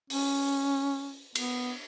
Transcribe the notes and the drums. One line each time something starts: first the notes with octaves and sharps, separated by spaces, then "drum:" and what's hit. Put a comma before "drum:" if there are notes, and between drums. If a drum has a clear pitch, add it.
C#4, drum: open hi-hat
B3, drum: cymbal